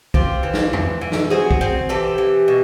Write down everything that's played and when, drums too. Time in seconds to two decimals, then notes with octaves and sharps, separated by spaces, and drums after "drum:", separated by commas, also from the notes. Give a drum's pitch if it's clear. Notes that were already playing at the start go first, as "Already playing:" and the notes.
0.14 C4 F4 G4, drum: kick A#1
0.43 E3
0.53 drum: snare
0.73 E3, drum: tom E2
1.01 E3
1.12 drum: snare
1.30 C4 F#4 G#4
1.51 drum: kick A#1
1.61 C4
1.89 E3 G4 A4
2.18 E3
2.48 B2